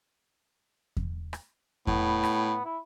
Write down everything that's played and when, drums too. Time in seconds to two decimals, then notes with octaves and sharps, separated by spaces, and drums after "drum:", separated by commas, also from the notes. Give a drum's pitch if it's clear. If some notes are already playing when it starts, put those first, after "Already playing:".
0.97 drum: kick E2
1.33 drum: rim click
1.87 A2 B3, drum: kick E2
2.23 drum: rim click
2.64 E4